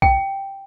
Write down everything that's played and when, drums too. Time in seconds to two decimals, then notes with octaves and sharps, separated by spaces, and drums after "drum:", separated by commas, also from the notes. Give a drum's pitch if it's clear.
0.02 G5, drum: kick B1